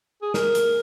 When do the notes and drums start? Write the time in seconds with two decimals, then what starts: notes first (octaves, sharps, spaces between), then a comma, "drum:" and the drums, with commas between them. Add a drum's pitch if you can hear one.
0.22 G#4
0.34 A#4, drum: snare
0.55 drum: hi-hat